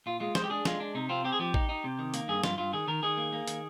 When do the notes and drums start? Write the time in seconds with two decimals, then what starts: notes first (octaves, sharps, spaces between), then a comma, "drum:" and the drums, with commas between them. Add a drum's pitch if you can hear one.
0.06 A#2 F4
0.20 G#3 F4
0.35 G#3 C5, drum: snare
0.44 G4
0.50 D4 G#4
0.65 G#3 F4, drum: snare
0.80 D4
0.95 C3 D#4
1.09 C4 F4
1.24 C4 G4
1.32 G#4
1.39 F3 G4
1.54 D#4, drum: kick A1
1.69 D#4
1.84 C3
1.99 D#3
2.14 A#3, drum: hi-hat
2.28 G2 G#4
2.44 G2 F4, drum: snare
2.58 G2 F4
2.73 D#3 G#4
2.88 D#3 A#4
3.03 D#3 G#4
3.17 A#3
3.33 A#3
3.48 D#3, drum: hi-hat